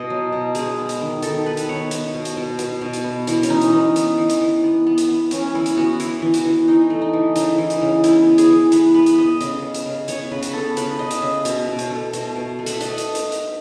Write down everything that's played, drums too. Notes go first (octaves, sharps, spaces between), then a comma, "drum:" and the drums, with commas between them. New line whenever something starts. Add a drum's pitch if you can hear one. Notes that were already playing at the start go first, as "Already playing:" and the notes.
Already playing: B2 B3 D#5
F#3
B2
G#3 G#4, drum: hi-hat
B3
drum: hi-hat
D#3
D#3 A4, drum: hi-hat
D#3 B4
drum: hi-hat
B3 C#5
B3, drum: hi-hat
B2
drum: hi-hat
B2
B2, drum: hi-hat
B2
drum: hi-hat
B3
E3 E4, drum: hi-hat
C#4, drum: hi-hat
E3 D#4
drum: hi-hat
B3 D#4
B3, drum: hi-hat
E3
drum: hi-hat
E3
B3
B3
drum: hi-hat
B3
E3 C#4, drum: hi-hat
E3 E4
drum: hi-hat
B3 F#4
E3 E4, drum: hi-hat
E3
F#4, drum: hi-hat
E3
E3 D#4
A3
D#4
E3
C#3 D#4, drum: hi-hat
E3
drum: hi-hat
C#3
B3 E4, drum: hi-hat
B3
G#4, drum: hi-hat
E3
B3 B4, drum: hi-hat
B3 B4
drum: hi-hat
B3 D#5
C#3 D#5, drum: hi-hat
B3
drum: hi-hat
C#3
B3 C#5, drum: hi-hat
C#3 B4
drum: hi-hat
B3 A4
C#3 B4, drum: hi-hat
C#3 D#5
drum: hi-hat
C#3 E5
B2, drum: hi-hat
B2
drum: hi-hat
A3
B2, drum: hi-hat
B2
A3
F#5, drum: hi-hat
E5
A3 D#5, drum: hi-hat
drum: hi-hat
drum: hi-hat
drum: hi-hat